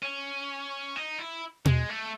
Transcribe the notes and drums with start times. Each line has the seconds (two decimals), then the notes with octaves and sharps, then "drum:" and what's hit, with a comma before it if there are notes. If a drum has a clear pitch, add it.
0.02 C#4
0.96 D#4
1.19 E4
1.65 G#3, drum: tom B2
1.89 A3